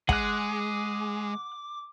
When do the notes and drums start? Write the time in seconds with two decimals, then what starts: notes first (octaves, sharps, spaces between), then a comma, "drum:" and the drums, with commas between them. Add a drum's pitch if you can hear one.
0.09 G#3 G#4 F#5 D6 F#6, drum: kick